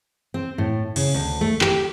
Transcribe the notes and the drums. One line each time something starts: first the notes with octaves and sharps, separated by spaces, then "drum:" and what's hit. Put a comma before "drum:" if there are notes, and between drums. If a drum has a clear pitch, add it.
C4
A2
C#3, drum: cymbal
D2
A3
G4, drum: clap